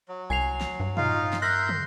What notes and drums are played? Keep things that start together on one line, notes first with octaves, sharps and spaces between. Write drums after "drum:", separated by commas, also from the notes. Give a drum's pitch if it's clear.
F#3
C2 G#5 C7 F7
drum: snare
G2
D#4 F4 F5, drum: tom
drum: snare
A#4 E5 C6 F#6 G6 A#6
drum: tom